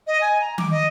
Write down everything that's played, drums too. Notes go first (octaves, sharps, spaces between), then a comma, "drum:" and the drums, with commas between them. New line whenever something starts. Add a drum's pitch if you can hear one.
D#5
G#5
A#5
D6, drum: tom D#3
D#5